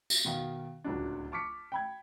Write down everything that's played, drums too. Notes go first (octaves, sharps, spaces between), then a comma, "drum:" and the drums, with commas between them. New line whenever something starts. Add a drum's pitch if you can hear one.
drum: tambourine
B2 D#3 F5
D1 C#2 F#3 D4
A5 C#6 D6 F6 B6 C#7
G5 B5 G#6